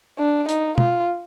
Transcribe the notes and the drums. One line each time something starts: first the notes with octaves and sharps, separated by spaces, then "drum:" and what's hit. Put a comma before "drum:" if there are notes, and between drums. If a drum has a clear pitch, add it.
D4
D#4, drum: hi-hat
F4, drum: tom